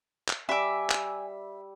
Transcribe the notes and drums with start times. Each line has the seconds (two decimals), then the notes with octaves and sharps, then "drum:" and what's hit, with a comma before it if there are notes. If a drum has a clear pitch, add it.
0.28 drum: clap
0.49 G3 E5 G#5 D6 E6
0.90 drum: clap